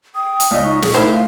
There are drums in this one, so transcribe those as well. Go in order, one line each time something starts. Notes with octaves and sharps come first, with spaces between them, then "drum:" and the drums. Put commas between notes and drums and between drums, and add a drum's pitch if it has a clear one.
G5 D#6
drum: hi-hat
C#2 D5 D#5
D#4 C#6
G#4 C#6, drum: snare
A3 D#4 E4 A#4 C5
F5